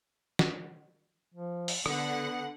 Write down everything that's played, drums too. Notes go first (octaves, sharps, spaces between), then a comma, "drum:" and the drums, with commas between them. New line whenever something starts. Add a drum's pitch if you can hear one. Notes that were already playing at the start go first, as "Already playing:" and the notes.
drum: snare
F3
drum: open hi-hat
D3 B3 F#5, drum: rim click